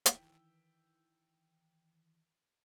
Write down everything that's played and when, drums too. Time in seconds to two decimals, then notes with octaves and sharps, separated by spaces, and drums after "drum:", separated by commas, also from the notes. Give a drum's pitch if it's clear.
0.06 D#3 E3 G5 E6 B6, drum: hi-hat